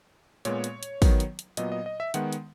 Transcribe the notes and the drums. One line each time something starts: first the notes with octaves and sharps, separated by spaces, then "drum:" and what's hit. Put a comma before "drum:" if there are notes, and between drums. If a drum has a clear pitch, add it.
A#2 G#3 B3 C#5, drum: hi-hat
drum: hi-hat
drum: hi-hat
D#3 F#3 B3, drum: kick, open hi-hat
drum: hi-hat
drum: hi-hat
A#2 F#3 B3 D#5, drum: hi-hat
D#5
D#5
E5
D#3 G#3 B3 F#5, drum: hi-hat
drum: hi-hat